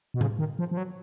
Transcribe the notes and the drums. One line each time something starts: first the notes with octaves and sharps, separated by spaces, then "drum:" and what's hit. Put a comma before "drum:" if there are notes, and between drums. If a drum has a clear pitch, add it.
B2
C#3, drum: tom A2
D#3
F3
F3
F#3